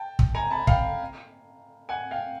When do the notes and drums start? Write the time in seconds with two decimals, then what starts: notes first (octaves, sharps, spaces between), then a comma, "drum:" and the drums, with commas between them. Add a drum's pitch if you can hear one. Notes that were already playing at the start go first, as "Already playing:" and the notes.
Already playing: G5 A5
0.19 drum: kick
0.35 G#5 A#5
0.51 A5 B5
0.67 F5 G5, drum: kick
1.89 F#5 G#5
2.11 F5 G5